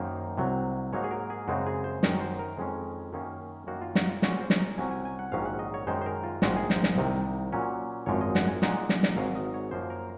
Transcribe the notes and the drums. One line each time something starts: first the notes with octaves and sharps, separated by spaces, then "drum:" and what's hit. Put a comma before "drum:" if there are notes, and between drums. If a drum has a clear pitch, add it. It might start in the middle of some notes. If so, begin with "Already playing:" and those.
Already playing: F#2 D#3 A#3 D#4 C5
C2 C3 F#3
G#2 F#3 A#3 D#4 C#5
G#4
A#4
G#4
F#2 C#3 G#3 C4 D#4 F#4
G#4
C5
F#2 D#3 F#3 C#5, drum: snare
C5
A#4
F2 D#3 G#3 C#4
F#2 D#3 A#3 C#4
F#2 D#3 A#3 F#4
F4
F#4, drum: snare
F4
A#2 G#3 C#4 F#4, drum: snare
C5
drum: snare
A#5
C2 C3 F#3 C#4 G#5
G#5
G#5
F#5
A#1 G#2 D#3 F#3 C#4 F5
F#5
D#5
C#5
F#2 D#3 G#3 D#4 C5
C5
A#4
F4
A#1 G#2 D#3 G#3 F#4, drum: snare
G#4
C5, drum: snare
drum: snare
C2 C3 D#3
A#2 F#3 C#4
G#1 F#2 F3 G#3 C#5
D#5
F#5, drum: snare
G#5
A#2 G#3 D#4 F#5, drum: snare
drum: snare
drum: snare
G#1 G#2 F#3 F5
D#5
C#5
F#2 F3 A#3 C5
A#4